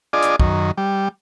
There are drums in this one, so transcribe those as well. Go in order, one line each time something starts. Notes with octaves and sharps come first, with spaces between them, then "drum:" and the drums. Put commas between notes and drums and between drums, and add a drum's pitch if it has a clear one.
D4 F4 G#4 D5 D#5
drum: hi-hat
F#2 D#3, drum: kick
G3